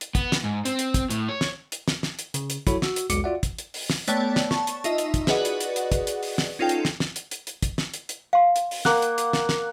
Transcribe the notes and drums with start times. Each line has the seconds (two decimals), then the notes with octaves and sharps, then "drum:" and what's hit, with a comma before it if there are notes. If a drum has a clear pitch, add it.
0.01 drum: hi-hat
0.15 B3, drum: kick, hi-hat
0.32 drum: snare
0.44 G#2
0.65 C4, drum: hi-hat
0.79 drum: hi-hat
0.94 drum: kick, hi-hat
1.10 A2, drum: hi-hat
1.29 C#5
1.41 drum: snare
1.72 drum: hi-hat
1.88 drum: snare
2.03 drum: snare
2.19 drum: hi-hat
2.34 C#3, drum: hi-hat
2.50 drum: hi-hat
2.67 F#3 E4 F#4 A4 C#5 B5, drum: kick, hi-hat
2.82 F#4 E6, drum: snare
2.96 drum: hi-hat
3.10 B1 E2 G#3 F#4 D6 C#7, drum: hi-hat
3.24 F4 F#4 D5 E5 F#5
3.43 drum: kick, hi-hat
3.58 drum: hi-hat
3.74 drum: open hi-hat
3.90 drum: snare
4.08 A3 B3 C#5 D5 G5 A5, drum: hi-hat
4.36 drum: snare
4.51 A5 C#6, drum: snare
4.67 drum: hi-hat
4.84 D#4 F4 D#5 E5, drum: hi-hat
4.98 drum: hi-hat
5.14 drum: kick, hi-hat
5.27 F#4 G#4 B4 D5 D#5 F#5, drum: snare
5.45 drum: hi-hat
5.60 drum: hi-hat
5.76 drum: hi-hat
5.92 drum: kick, hi-hat
6.07 drum: hi-hat
6.23 drum: open hi-hat
6.38 drum: snare
6.59 C#4 D#4 F4 A4 G5
6.69 drum: hi-hat
6.85 drum: snare
7.00 drum: snare
7.16 drum: hi-hat
7.31 drum: hi-hat
7.47 drum: hi-hat
7.62 drum: kick, hi-hat
7.78 drum: snare
7.94 drum: hi-hat
8.09 drum: hi-hat
8.33 F5 C6
8.56 drum: hi-hat
8.71 drum: open hi-hat
8.85 A#3 F#5, drum: snare
9.02 drum: hi-hat
9.18 drum: hi-hat
9.33 drum: snare
9.49 drum: snare